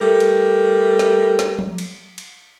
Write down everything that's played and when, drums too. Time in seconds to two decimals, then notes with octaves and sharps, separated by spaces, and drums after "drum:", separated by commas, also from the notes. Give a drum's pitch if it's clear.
0.01 G3 A3 A4 A#4
0.20 drum: cymbal
0.99 drum: snare
1.39 drum: snare
1.59 drum: tom F3
1.78 drum: cymbal
2.18 drum: cymbal